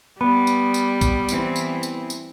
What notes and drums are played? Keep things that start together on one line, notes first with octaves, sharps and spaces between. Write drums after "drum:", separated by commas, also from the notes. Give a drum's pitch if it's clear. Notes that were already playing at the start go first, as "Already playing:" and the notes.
G3 B3 B5
drum: tambourine
drum: tambourine
drum: kick A#1, tambourine
E3 C4, drum: tambourine
drum: tambourine
drum: tambourine
drum: tambourine